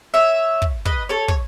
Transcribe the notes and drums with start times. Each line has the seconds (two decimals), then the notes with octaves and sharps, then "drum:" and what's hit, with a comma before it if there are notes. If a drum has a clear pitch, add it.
0.14 C#5 E5
0.62 drum: kick
0.85 B4 D#5, drum: kick
1.09 A4 C#5
1.28 C#5, drum: kick